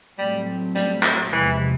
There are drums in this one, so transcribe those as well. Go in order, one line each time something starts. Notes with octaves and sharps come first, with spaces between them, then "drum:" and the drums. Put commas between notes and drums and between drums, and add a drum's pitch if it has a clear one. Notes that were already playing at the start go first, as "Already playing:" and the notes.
A2 F#3 G3 A3 C4
G3, drum: hi-hat
drum: clap
E2 C3 E3 F3 G#3